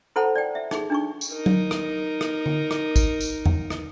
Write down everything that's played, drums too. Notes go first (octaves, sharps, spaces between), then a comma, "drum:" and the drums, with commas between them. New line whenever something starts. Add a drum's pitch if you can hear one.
E4 A4 C5 F#5 A5 B5
D5 G5
E5
D#4 G#4, drum: rim click
D4 D#4 C#6
drum: tambourine
D#4 A#4
drum: tom F#3
drum: rim click
drum: rim click
drum: tom D3
drum: rim click
drum: kick A1, tambourine
drum: tambourine
drum: tom E2
drum: rim click